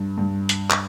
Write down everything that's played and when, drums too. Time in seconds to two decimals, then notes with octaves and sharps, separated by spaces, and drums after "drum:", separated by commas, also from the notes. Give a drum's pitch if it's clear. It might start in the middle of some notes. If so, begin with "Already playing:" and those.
Already playing: G2
0.18 G2
0.49 drum: hi-hat
0.70 drum: clap